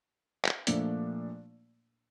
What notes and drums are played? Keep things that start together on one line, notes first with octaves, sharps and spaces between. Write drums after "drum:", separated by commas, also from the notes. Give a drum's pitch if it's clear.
drum: clap
A#2 F3 A3 D4, drum: hi-hat